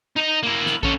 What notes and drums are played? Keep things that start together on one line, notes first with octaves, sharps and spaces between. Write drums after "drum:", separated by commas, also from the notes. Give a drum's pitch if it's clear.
D#4 D#5
A#3 E4
drum: snare
C#4 A4, drum: kick